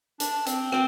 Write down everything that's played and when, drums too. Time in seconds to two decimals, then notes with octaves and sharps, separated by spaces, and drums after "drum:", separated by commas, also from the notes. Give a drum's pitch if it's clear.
0.20 D4, drum: hi-hat
0.46 C4, drum: hi-hat
0.72 C4, drum: rim click